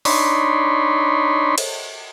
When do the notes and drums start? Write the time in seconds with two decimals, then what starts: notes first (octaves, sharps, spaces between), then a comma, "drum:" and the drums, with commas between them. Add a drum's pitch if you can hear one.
0.05 D4 D#4 C#5 B5 C6, drum: open hi-hat
1.58 drum: cymbal